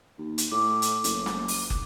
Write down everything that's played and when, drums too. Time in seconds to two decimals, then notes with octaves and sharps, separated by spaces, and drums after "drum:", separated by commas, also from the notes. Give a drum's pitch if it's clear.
0.18 D#2
0.38 drum: hi-hat
0.51 A2 D6
0.82 drum: hi-hat
1.04 F#1, drum: hi-hat
1.26 drum: snare
1.48 drum: open hi-hat
1.70 drum: kick